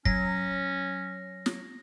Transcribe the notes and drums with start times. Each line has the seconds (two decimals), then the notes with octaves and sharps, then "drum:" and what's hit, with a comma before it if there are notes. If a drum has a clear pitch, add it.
0.05 F#3 C#4 A#6, drum: kick
1.46 drum: snare